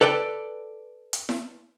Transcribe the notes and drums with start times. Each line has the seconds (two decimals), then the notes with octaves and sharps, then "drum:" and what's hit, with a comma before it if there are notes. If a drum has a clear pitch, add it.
0.01 A4 B4 D5 G5
1.13 drum: hi-hat
1.29 drum: snare E4